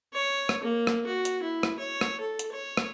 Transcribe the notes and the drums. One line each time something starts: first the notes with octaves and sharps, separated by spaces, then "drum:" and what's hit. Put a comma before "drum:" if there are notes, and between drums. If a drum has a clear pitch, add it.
C#5
drum: rim click
A#3
drum: rim click
F#4
drum: hi-hat
E4
drum: rim click
C#5
drum: rim click
A4
drum: hi-hat
C#5
drum: rim click